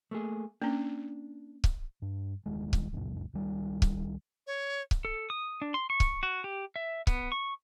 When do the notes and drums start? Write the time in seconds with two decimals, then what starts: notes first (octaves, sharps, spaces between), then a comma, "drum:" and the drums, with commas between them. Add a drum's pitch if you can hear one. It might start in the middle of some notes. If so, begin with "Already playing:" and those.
0.11 A3 A#3 G#4
0.62 A#3 C#4 D4
1.64 drum: kick C#1
2.02 G2
2.46 D#1 D#3 G3 G#3
2.73 drum: kick C#1
2.92 F1 C#2 F#2 A#2
3.33 C#2 D#3 G3 D4
3.82 drum: kick C#1
4.47 C#5
4.91 drum: kick C#1
5.05 A4
5.30 D#6
5.62 D4
5.74 C6
5.90 C#6
6.00 drum: kick C#1
6.23 F#4
6.44 G4
6.76 E5
7.07 B3, drum: kick C#1
7.32 C#6